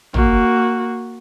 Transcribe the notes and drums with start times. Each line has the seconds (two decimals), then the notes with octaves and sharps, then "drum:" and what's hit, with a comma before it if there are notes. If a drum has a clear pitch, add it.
0.14 A#3 F#4, drum: tom